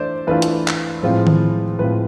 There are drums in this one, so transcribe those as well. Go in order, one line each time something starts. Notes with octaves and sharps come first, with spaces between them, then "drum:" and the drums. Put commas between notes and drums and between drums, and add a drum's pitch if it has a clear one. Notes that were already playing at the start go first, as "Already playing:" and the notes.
Already playing: E3 A3 D4 C5 D5 E5
E3 A3 D4 F4 B4
drum: hi-hat
drum: clap
A2 F3 G#3 C4 F4
drum: tom D#3
A2 F3 G#3 C4 F4 B4